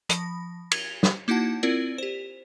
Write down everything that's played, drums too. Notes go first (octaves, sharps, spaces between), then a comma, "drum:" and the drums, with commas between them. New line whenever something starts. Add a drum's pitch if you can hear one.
F3 B5 A#6, drum: hi-hat
G#6 F7 G7, drum: cymbal
drum: snare
A#3 D#4 E4 F#4 F#5 A5
C4 E4 F4 A#4 D5
G4 C5